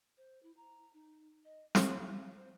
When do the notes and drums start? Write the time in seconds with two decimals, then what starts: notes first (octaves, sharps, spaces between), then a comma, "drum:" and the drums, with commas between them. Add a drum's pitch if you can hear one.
0.17 C5
0.43 E4
0.57 A#5
0.93 D#4
1.45 D#5
1.75 F5, drum: snare
2.36 C5